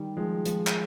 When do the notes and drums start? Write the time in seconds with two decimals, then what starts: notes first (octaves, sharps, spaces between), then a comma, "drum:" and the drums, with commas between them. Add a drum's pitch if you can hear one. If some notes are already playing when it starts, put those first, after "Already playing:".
Already playing: D#3 G3
0.17 F3 G#3
0.45 F3 G#3, drum: hi-hat
0.67 drum: clap